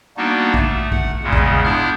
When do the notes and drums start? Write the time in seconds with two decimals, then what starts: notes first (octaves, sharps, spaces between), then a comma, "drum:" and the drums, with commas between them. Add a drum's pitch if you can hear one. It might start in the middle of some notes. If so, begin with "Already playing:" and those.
0.17 G3 A#3 B3 D4 D#4 F#4
0.54 A3, drum: kick
0.92 F#5, drum: kick
1.23 E2 A#2 C#3 G#3
1.33 drum: kick
1.64 B3 D4 E4 F6 G6